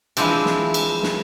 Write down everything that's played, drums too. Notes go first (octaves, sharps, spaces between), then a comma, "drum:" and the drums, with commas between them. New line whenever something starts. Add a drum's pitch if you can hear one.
E3 F3 G#3 C4 D4, drum: cymbal
drum: snare
drum: cymbal
drum: snare